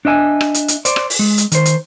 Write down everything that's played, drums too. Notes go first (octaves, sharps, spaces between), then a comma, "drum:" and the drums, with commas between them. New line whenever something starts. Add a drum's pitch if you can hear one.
D4 D#5 E5 G#5
drum: rim click
drum: hi-hat
drum: hi-hat
C5 D5, drum: hi-hat
drum: rim click
drum: open hi-hat
G#3
drum: hi-hat
D#3 C5, drum: hi-hat
drum: hi-hat